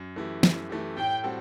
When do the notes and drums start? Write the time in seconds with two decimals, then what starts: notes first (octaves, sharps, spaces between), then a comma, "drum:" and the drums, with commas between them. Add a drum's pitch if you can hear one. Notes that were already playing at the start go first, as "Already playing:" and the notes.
Already playing: F#2
0.16 E3 A3 E4 G4
0.43 F#2, drum: snare
0.70 E3 A3 E4 G4
0.97 A2 G5
1.24 G3 C4 F#4 A4